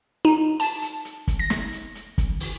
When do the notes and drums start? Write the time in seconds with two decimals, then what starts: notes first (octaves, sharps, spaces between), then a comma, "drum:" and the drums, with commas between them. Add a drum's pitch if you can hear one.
0.25 D#4
0.60 A5, drum: open hi-hat
0.82 drum: hi-hat
1.05 drum: hi-hat
1.27 drum: kick, hi-hat
1.39 A#6
1.50 drum: snare
1.73 drum: hi-hat
1.95 drum: hi-hat
2.18 drum: kick, hi-hat
2.40 drum: open hi-hat